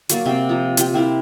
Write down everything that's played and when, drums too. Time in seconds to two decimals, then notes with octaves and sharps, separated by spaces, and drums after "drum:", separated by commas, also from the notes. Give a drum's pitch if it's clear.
0.09 F#3 A#3 D5, drum: hi-hat
0.26 C3 C4
0.49 F3 A#5
0.77 F4 G4, drum: hi-hat
0.94 C4 E4 A#4